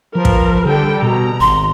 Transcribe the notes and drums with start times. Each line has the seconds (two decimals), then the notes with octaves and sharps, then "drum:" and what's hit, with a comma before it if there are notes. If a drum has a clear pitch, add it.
0.15 F3 A#4 B4
0.25 drum: kick
0.66 D3 G3 A4 G5
1.03 B2 A#5
1.41 G#1 C6